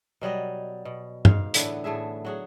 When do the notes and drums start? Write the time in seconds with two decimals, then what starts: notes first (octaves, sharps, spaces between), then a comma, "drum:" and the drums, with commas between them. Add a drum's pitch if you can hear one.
0.21 B2 F#3 G3 D#5
0.85 B2
1.25 G#2 F5, drum: tom G2
1.54 A2 D3 E3 B3, drum: hi-hat
1.84 A2 A3 G#4 E5
2.25 F#3 F#4 G#4